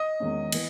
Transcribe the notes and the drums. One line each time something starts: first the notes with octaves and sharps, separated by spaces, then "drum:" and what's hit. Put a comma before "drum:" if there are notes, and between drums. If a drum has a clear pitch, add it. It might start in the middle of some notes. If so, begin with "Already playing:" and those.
Already playing: D#5 D#6
E2 D#3 G#3 C#4
E3 B3, drum: cymbal